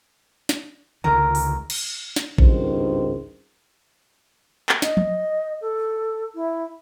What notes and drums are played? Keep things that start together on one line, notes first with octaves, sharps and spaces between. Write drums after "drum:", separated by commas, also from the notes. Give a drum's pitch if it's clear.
drum: snare
C#2 D3 D#3 A#4
drum: open hi-hat
drum: cymbal
drum: snare
G#1 C#2 G2 D#3 C5, drum: kick A#1
drum: clap
D#5, drum: snare
drum: tom F3
A4
E4